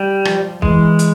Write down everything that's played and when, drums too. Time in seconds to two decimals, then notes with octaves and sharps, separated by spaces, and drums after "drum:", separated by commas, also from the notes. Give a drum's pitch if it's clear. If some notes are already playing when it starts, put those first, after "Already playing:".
Already playing: G3
0.25 F3, drum: rim click
0.62 E3 G#3, drum: kick
0.99 drum: hi-hat